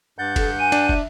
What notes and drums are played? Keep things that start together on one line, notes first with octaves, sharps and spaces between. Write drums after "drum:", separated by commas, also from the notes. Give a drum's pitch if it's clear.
G2 F#5 G6 A6
A4, drum: kick, cymbal
G#5 D#7
D4, drum: cymbal
E5, drum: kick